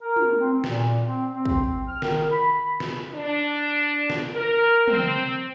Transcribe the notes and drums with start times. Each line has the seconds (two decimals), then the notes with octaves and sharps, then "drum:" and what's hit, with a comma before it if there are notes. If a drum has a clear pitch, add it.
0.01 A#4
0.16 drum: tom
0.38 C4
0.64 A#2, drum: snare
1.06 C4
1.31 C4
1.45 drum: kick
1.88 F6
2.02 D#3, drum: snare
2.32 B5
2.80 drum: snare
3.15 D4
4.10 drum: snare
4.34 A#4
4.88 C4, drum: tom